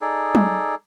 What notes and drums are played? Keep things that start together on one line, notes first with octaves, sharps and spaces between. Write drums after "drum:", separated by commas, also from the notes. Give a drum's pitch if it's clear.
D#4 G#4 A4 D5
drum: tom F#3